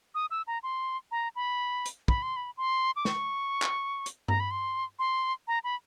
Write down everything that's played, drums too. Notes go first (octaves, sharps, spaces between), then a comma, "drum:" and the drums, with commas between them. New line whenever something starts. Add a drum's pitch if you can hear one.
D#6
E6
A#5
C6
A#5
B5
drum: hi-hat
B5, drum: kick
C6
B5
C6
D6
C#6, drum: snare
drum: clap
drum: hi-hat
A#5, drum: tom G2
B5
C6
C6
A#5
B5